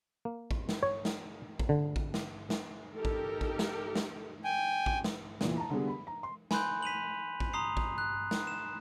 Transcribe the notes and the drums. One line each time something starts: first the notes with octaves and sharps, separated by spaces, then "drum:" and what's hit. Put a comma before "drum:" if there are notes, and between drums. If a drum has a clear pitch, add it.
A#3
drum: kick
drum: snare
C#5
drum: snare
drum: kick
D3
drum: kick
drum: snare
drum: snare
D#4 G4 A4 A#4
drum: kick
drum: kick
drum: snare
drum: snare
G5 G#5
drum: kick
drum: snare
E2 A#2 E3, drum: snare
A5 A#5
D3 G3 B3 G#4
B5
A#5
C6
G#5 B5 C6 F#6 G6, drum: snare
B6 D#7 F7 F#7
drum: kick
A#5 C6 D#6 C7 F7
drum: kick
F#6
drum: snare
E7